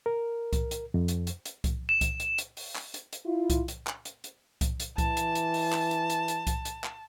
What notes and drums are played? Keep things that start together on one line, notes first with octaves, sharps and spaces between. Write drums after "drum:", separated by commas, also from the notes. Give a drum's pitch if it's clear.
A#4
drum: kick C2, hi-hat
drum: hi-hat
F2
drum: hi-hat
drum: hi-hat
drum: hi-hat
drum: kick C2, hi-hat
E7
drum: kick C2, hi-hat
drum: hi-hat
drum: hi-hat
drum: open hi-hat
drum: clap
drum: hi-hat
drum: hi-hat
E4 F4
drum: kick C2, hi-hat
drum: hi-hat
drum: clap
drum: hi-hat
drum: hi-hat
drum: kick C2, hi-hat
drum: hi-hat
E3 A5, drum: kick C2, hi-hat
drum: hi-hat
drum: hi-hat
drum: open hi-hat
drum: clap
drum: hi-hat
drum: hi-hat
drum: hi-hat
drum: kick C2, hi-hat
drum: hi-hat
drum: clap